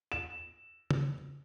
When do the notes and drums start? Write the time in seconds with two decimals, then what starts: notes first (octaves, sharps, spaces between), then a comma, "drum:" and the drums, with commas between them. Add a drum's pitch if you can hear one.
0.12 E7
0.91 drum: tom